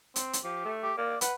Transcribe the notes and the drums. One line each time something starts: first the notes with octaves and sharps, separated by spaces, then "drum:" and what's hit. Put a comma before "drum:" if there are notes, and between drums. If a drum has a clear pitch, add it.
C4, drum: hi-hat
drum: hi-hat
F3 G4
A3
G4
A#3 D5
B4 F#5, drum: hi-hat